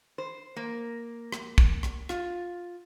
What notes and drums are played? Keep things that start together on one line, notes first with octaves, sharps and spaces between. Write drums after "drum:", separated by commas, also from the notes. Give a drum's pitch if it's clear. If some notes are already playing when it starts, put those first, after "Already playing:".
C5
A#3
drum: rim click
drum: kick
drum: rim click
F4, drum: rim click